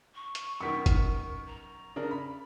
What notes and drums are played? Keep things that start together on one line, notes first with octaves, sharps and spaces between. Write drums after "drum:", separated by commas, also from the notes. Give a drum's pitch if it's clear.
C#6
drum: hi-hat
F#2 B2 D#3 A#4 C#6 B6
drum: kick F#1, hi-hat
A#5
C#3 D4 A#4
B5